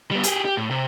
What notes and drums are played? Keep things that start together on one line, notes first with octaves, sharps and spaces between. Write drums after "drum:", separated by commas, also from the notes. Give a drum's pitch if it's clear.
G3 B3
G4 G#4, drum: hi-hat
G4
A2
C3